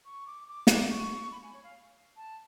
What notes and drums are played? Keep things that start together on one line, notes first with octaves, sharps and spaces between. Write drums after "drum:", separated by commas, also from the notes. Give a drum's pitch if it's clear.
C#6
D6
D6
drum: snare
C#6
B5
G#5
C#5
F5
A5